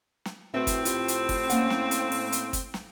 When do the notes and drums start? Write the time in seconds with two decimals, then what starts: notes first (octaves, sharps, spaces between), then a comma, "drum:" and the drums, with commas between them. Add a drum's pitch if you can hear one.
0.25 drum: snare
0.54 A2 C4 F#4 B4 E5
0.67 drum: kick, hi-hat
0.85 F4 G4, drum: hi-hat
1.08 drum: hi-hat
1.29 drum: kick, open hi-hat
1.50 A#3 C#4 F#5, drum: hi-hat
1.70 drum: snare
1.91 drum: hi-hat
2.12 drum: open hi-hat
2.32 drum: hi-hat
2.53 drum: kick, hi-hat
2.74 drum: snare